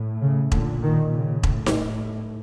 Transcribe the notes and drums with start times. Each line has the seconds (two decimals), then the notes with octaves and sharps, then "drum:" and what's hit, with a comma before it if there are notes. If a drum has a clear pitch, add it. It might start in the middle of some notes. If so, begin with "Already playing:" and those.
Already playing: A2
0.22 C#3
0.52 A#2 D3, drum: kick E1
0.82 D#3
1.13 C#3
1.43 A2, drum: kick E1
1.66 drum: snare D#4